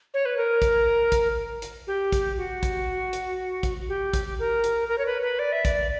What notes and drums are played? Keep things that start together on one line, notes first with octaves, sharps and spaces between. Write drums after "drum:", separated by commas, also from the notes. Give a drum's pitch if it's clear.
C#5
B4
A#4
drum: kick, hi-hat
drum: kick, hi-hat
drum: hi-hat
G4
drum: kick, hi-hat
F#4
drum: kick, hi-hat
drum: hi-hat
drum: kick, hi-hat
G4
drum: kick, hi-hat
A#4
drum: hi-hat
A#4
C#5
B4
B4
D5
E5
D5, drum: kick, hi-hat